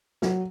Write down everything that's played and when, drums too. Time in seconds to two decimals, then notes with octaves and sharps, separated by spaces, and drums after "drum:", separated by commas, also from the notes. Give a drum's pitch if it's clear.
0.22 F#3, drum: snare